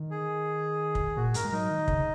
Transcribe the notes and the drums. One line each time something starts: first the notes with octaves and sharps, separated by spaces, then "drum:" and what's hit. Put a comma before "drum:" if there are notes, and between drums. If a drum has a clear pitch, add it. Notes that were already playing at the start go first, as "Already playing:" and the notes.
Already playing: D#3
G#4
drum: kick
A#2 F#4
G#2 A#4, drum: hi-hat
G#3
F#3 D#4
D#3
C#3, drum: kick